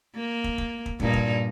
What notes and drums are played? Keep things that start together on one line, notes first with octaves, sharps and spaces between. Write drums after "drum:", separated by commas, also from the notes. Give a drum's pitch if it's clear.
A#3
drum: kick
drum: kick
drum: kick
G2 A#2 D#4, drum: kick
drum: kick